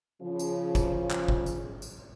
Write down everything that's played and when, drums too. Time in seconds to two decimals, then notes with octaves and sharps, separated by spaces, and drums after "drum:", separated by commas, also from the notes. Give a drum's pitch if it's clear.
0.22 C#3 F3
0.39 drum: tambourine
0.75 drum: kick, tambourine
1.11 drum: clap
1.28 drum: kick
1.46 drum: tambourine
1.82 drum: tambourine